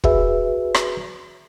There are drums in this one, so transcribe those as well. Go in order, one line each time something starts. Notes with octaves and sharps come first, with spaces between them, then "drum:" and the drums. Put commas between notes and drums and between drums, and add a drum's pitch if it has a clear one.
F#4 G#4 B4 E5, drum: kick
drum: rim click